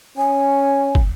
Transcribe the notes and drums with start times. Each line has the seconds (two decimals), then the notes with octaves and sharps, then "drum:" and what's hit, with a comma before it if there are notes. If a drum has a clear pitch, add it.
0.18 C#4 G#5
0.95 drum: kick